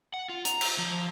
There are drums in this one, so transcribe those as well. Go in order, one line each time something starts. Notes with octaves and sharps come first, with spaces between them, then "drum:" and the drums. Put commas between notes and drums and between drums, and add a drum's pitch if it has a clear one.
F#5
F4
A#5, drum: hi-hat
drum: cymbal
F3